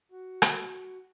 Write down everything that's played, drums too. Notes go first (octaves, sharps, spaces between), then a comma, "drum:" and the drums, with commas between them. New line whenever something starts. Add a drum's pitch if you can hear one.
F#4
drum: rim click